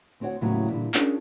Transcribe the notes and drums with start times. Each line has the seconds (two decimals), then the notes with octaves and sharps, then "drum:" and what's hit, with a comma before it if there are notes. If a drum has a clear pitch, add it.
0.20 D2 C4 F#4 C#5 F#5
0.41 D#2 A2 C#3 F#3 G3 B3
0.69 A#2 D3 E3 G3 A3
0.94 C#4 D4 F4 G#4 A#4, drum: clap